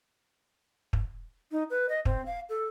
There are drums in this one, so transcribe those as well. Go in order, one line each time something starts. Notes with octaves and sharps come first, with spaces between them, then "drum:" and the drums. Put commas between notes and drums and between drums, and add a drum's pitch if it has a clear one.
drum: kick
D#4
B4
D#5
C4, drum: kick
F5
A4